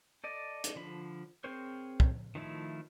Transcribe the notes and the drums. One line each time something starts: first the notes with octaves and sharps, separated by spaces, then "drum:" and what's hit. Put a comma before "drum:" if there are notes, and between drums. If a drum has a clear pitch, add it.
A4 D5 D#5
drum: hi-hat
D3 F3 B5
C4 G#4 A#4 C5 C#5
drum: kick
D#3 F3 A3 E4